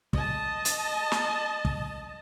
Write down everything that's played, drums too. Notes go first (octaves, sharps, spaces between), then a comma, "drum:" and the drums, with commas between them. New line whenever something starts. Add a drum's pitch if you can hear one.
D#5 A5, drum: kick
drum: hi-hat
drum: snare
drum: kick